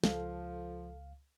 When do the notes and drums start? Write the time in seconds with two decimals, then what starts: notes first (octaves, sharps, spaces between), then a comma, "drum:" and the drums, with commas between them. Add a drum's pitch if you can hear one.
0.04 C#2 F3 A4 F5, drum: snare